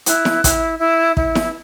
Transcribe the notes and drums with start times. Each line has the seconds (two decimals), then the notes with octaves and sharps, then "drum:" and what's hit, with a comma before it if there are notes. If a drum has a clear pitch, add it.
0.06 E4 F#6, drum: hi-hat
0.25 drum: snare E4
0.44 E4, drum: kick, hi-hat
0.80 E4
1.17 E4, drum: kick
1.35 drum: snare E4